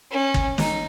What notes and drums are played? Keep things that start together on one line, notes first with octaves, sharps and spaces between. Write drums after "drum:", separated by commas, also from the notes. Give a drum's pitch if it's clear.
C#4
drum: kick
D#4, drum: snare